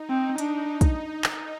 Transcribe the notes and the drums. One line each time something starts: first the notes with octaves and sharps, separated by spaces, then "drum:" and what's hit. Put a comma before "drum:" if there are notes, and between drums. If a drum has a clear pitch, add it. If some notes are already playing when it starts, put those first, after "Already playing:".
Already playing: D#4
C4
D4 D#4, drum: hi-hat
drum: kick, hi-hat
drum: clap